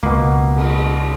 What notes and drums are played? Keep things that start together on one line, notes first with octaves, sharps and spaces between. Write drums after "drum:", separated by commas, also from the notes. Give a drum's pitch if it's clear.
C#2 B2 A#3
drum: cymbal